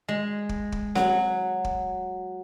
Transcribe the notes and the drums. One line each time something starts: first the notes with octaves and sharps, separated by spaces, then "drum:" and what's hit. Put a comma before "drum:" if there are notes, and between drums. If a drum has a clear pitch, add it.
G#3
drum: kick
drum: kick
F#3, drum: snare C4
drum: kick